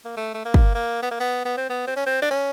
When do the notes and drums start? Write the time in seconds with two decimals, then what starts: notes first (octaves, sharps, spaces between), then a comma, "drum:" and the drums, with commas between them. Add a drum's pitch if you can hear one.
0.05 A#3
0.17 A3
0.34 A3
0.45 A#3
0.54 drum: kick
0.74 A#3
1.02 B3
1.11 A#3
1.20 B3
1.45 B3
1.57 C4
1.69 B3
1.87 C4
1.96 C#4
2.06 C4
2.22 D4
2.31 C#4